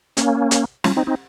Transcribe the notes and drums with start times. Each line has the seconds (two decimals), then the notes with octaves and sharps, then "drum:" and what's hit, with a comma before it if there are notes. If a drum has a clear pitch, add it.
0.17 A#3 C#4, drum: hi-hat
0.51 drum: hi-hat
0.84 C#4 F4, drum: snare
0.97 C4 D#4
1.07 C4 D#4